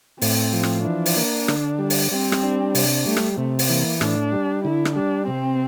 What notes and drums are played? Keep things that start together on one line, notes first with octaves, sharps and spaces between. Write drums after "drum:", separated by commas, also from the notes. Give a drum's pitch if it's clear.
A2 C4, drum: open hi-hat
F3
drum: rim click
E3 D4
drum: open hi-hat
A#3
D3, drum: rim click
G3
drum: open hi-hat
G3 C4
drum: rim click
D4
C3, drum: open hi-hat
G3 A3
drum: rim click
C3 A3
drum: open hi-hat
E3 A#3
A2 D4, drum: rim click
G3
D3 E4
drum: rim click
G3 D4
C3 C4